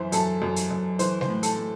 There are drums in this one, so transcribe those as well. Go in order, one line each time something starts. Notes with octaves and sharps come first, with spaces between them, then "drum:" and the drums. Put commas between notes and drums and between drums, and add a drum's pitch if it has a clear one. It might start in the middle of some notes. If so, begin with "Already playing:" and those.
Already playing: F#2 E3 C5 E5
F#2 A4, drum: hi-hat
F#2
drum: hi-hat
F#2
E3 C5, drum: hi-hat
C5, drum: snare G3
A2
A4, drum: hi-hat
A2